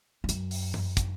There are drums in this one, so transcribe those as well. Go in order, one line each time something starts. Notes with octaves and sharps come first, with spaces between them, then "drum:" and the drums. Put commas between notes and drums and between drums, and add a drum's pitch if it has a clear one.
E2
F#2, drum: hi-hat
drum: open hi-hat
drum: tom G2
drum: kick, hi-hat